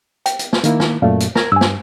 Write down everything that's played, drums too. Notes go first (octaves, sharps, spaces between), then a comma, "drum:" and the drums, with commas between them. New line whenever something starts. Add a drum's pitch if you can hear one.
G5, drum: hi-hat
drum: hi-hat
drum: snare
D#3 A#3 E4, drum: hi-hat
drum: snare
F#2 A#2 A3 D5 F5
drum: hi-hat
A#4 A#5 G#6, drum: snare
G2 G#5 E6
drum: snare